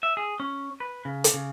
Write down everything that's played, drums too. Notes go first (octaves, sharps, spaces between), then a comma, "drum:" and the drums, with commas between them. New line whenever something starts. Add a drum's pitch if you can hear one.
E5
G#4
C#4
B4
C#3
drum: hi-hat
C#3